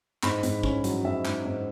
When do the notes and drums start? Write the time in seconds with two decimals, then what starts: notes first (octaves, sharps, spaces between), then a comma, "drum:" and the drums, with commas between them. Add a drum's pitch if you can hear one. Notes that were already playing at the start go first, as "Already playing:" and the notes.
0.23 G#2 B5, drum: clap
0.43 G#2, drum: hi-hat
0.63 C#4, drum: kick
0.84 F#3, drum: hi-hat
1.05 G#2 E5
1.25 G#2, drum: clap
1.45 G#2